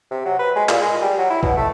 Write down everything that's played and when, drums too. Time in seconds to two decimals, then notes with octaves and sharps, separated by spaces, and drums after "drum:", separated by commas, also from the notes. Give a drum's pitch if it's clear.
0.11 C3
0.25 F#3
0.39 B4
0.56 G#3
0.69 A#2, drum: clap
0.82 G#3
1.02 G3
1.18 F#3
1.30 E4
1.43 B2, drum: kick
1.57 A3